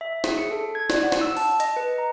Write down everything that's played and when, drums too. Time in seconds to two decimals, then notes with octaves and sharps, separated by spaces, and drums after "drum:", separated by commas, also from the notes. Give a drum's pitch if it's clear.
0.01 E5
0.24 G#4, drum: snare
0.38 C#7
0.51 A4
0.75 G#6
0.90 D5, drum: snare
1.03 F#5
1.12 drum: snare
1.21 E6
1.37 A5, drum: open hi-hat
1.60 D#5, drum: hi-hat
1.76 B4
1.98 A#5